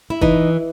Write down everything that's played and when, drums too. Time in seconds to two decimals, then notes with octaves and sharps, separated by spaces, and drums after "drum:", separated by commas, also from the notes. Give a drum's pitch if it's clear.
0.10 E4
0.21 E3 D#4, drum: kick